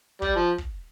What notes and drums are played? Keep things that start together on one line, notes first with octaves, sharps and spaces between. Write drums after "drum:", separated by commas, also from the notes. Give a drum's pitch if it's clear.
G3, drum: kick
F3
drum: kick